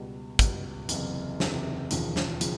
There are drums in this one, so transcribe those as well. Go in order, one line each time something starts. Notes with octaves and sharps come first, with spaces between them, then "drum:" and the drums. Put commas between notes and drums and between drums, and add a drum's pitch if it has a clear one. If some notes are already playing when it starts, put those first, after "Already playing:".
Already playing: C#2 B2 G3
C#2 B2 G3, drum: kick, hi-hat
F#1 E2 C3, drum: hi-hat
F#1 E2 C3, drum: snare
E1 D#2 C#3 F3, drum: hi-hat
drum: snare
C#3 F3, drum: hi-hat